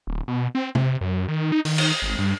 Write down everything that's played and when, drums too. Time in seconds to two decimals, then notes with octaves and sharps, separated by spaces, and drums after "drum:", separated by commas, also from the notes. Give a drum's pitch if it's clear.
0.07 D1
0.28 B2
0.55 C4
0.75 C3, drum: tom
1.01 F#2
1.28 D#3
1.52 D#4
1.65 D#3, drum: open hi-hat
1.78 drum: cymbal
2.02 G#1
2.19 G2